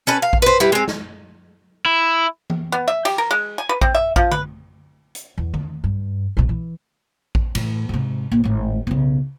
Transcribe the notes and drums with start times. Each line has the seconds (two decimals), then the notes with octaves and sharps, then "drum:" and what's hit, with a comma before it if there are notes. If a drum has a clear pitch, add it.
0.07 C#4 A4 B4
0.22 F5
0.33 drum: kick A1
0.42 B4 C5
0.60 G3 E4 B4
0.72 G#3 C4
0.88 drum: snare
1.86 E4
2.50 drum: tom E3
2.72 B3
2.88 E5
3.05 G4, drum: cymbal
3.18 A#4
3.31 G#3
3.58 G#5
3.69 B4
3.81 C4, drum: kick A1
3.95 E5
4.16 F3, drum: kick A1
4.31 B4, drum: tom D3
5.15 drum: hi-hat
5.38 E2
5.54 D#3, drum: tom D3
5.84 G2
6.37 A#1 C3
6.49 E3
7.35 drum: kick A1
7.55 A2 E3, drum: cymbal
7.89 G#2 C3
8.31 A#1
8.44 G#1 A2
8.87 B1 C#3